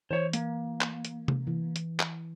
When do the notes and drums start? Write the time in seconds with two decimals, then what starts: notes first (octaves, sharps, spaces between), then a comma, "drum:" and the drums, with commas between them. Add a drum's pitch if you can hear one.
0.11 E3 C5 C#5
0.33 A#3, drum: hi-hat
0.81 drum: clap
1.05 drum: hi-hat
1.28 drum: tom C3
1.47 E3
1.76 drum: hi-hat
1.99 drum: clap